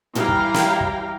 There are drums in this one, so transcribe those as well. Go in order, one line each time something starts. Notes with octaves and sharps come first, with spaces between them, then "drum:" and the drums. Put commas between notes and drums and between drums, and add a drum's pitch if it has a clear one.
E3 G3 E4 F5 G5 A#5, drum: tom
drum: kick
drum: snare
drum: kick